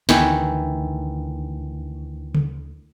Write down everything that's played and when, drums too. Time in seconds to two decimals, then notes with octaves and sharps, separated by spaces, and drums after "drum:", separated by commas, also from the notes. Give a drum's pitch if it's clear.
0.09 D2 D#3 E3, drum: snare
2.35 drum: tom C#3